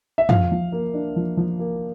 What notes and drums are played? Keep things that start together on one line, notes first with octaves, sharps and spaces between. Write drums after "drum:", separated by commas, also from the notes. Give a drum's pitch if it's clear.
E5
F3 F5, drum: tom
F3
A#3
D4
F3
F3
A#3